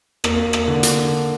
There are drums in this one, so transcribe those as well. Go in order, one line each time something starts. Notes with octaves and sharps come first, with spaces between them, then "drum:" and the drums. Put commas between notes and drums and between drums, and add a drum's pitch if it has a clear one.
A#3, drum: rim click
drum: rim click
D3
drum: hi-hat